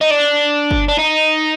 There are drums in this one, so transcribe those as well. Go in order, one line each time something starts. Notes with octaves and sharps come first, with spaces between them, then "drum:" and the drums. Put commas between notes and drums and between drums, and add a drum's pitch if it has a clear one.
D#4
D4
drum: kick
D4
D#4